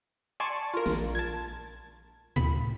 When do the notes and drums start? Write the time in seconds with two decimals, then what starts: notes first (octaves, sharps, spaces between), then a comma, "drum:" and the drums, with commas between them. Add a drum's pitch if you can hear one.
0.40 D5 G#5 A5 C6 C#6
0.74 F4 A#4
0.86 A#1, drum: snare
1.15 A5 G#6
2.36 B5, drum: tom A2